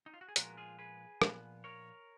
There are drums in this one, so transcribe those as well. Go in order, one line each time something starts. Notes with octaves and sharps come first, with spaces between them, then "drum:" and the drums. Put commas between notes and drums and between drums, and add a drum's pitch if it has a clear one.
D#4
F4
F#4
G#4
A#2 F3 G#3 B3 F#4 A#4, drum: hi-hat
F4 G#4
G#4 B4
A#2 F3 B3, drum: rim click
A#4 C#5